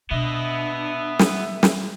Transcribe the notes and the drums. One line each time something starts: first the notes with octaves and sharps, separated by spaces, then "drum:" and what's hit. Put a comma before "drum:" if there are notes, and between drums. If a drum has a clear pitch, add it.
B2 B3 D4 D#5 E5
drum: snare
drum: snare